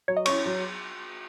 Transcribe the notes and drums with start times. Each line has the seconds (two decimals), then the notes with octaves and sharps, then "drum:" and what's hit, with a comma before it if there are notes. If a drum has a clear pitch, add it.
0.08 F#3 C#5
0.17 D#5
0.26 C#4 E4 C#5, drum: cymbal
0.46 F#3